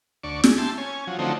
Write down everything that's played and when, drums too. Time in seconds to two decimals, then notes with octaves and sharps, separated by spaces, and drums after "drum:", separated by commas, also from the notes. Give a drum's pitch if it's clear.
0.24 D2 D5 C#6
0.44 G#4, drum: snare
0.58 E4 G4 A5 C6
0.78 C#4 G#5
1.07 F3 F#3
1.19 D3 F3 F#3 A3 C4 D#4